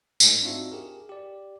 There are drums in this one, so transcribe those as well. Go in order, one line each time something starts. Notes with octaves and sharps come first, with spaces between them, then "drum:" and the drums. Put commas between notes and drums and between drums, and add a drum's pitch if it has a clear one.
G#2 A3, drum: tambourine
C4 D4 D#4 F4 F#4 E5
G4 G#4 A#4
G4 D5